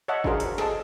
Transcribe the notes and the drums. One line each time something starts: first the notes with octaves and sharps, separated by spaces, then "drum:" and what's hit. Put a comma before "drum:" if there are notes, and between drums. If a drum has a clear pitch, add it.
C#5 D#5 E5 F#5 A5
D4 F4 F#4 G#4 A#4 C5, drum: kick
drum: hi-hat
G#4 A4 D#5 A5, drum: snare